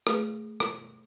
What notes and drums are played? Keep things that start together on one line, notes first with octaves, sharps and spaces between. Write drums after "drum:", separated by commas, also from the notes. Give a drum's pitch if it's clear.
A3 G#4 B4, drum: rim click
drum: rim click